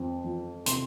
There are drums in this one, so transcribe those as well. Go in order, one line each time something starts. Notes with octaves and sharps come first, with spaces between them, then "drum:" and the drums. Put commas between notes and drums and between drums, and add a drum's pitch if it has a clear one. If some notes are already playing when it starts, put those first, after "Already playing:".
Already playing: F2 C4
F3
C3 C6, drum: hi-hat